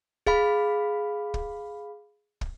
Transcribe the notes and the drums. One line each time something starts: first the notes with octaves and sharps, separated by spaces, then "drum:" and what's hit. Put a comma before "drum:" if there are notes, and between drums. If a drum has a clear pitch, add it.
G#4 F5 B5, drum: kick
drum: kick
drum: kick